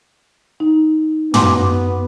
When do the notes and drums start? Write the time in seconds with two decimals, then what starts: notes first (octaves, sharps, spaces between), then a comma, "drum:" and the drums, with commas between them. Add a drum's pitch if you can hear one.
0.60 D#4
1.34 F#2 B3 C6 D6, drum: tom